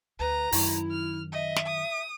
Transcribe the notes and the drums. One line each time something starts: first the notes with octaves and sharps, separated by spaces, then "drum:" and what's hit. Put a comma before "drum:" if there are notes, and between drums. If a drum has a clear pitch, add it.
D2 B4 A#5
F#2 D#3 E4, drum: open hi-hat
F6
D#5 E5
drum: snare
D#6